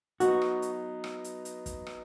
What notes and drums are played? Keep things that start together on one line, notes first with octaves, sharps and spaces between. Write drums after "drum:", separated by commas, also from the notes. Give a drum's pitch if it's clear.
F#3 B3 D#4 F#4, drum: hi-hat
drum: rim click
drum: hi-hat
drum: rim click
drum: hi-hat
drum: hi-hat
drum: kick, hi-hat
drum: rim click